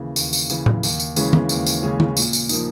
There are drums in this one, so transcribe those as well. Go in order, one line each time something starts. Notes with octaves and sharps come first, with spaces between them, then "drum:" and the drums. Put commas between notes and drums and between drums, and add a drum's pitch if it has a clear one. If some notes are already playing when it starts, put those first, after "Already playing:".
Already playing: D#2 C#3 E3
D#2, drum: tambourine
drum: tambourine
C#3 E3, drum: tambourine
drum: tom A2
D#2, drum: tambourine
drum: tambourine
C#3 E3 G#3 C#4, drum: tambourine
drum: tom
D#2, drum: tambourine
drum: tambourine
C#3 E3 G#3 C#4
drum: tom
A#2, drum: tambourine
drum: tambourine
F3 A#3 D#4, drum: tambourine